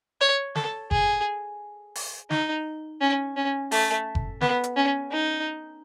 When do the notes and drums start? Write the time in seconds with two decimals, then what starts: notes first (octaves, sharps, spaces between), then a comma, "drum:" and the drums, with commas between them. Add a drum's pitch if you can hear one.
0.21 C#5
0.55 A4, drum: snare
0.91 G#4, drum: kick F#1
1.95 drum: open hi-hat
2.30 D#4, drum: snare
3.01 C#4
3.36 C#4
3.71 A3, drum: open hi-hat
4.15 drum: kick F#1
4.41 B3, drum: snare
4.64 drum: hi-hat
4.77 C#4
5.12 D#4